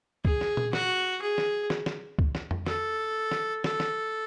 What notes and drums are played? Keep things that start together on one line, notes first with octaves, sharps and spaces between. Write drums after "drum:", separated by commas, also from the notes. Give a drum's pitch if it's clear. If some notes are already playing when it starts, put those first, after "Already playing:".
G#4, drum: kick C2
drum: snare
drum: tom A#2
F#4, drum: snare
G#4
drum: snare
drum: snare
drum: snare
drum: kick C2
drum: snare
drum: tom F2
A4, drum: snare
drum: snare
A4, drum: snare
drum: snare